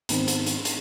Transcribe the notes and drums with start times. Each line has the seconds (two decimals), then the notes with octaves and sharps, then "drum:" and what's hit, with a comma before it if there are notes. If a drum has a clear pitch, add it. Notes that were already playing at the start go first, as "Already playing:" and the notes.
0.09 G#2 D#3 B3 C4, drum: hi-hat
0.28 drum: hi-hat
0.46 drum: hi-hat
0.65 drum: hi-hat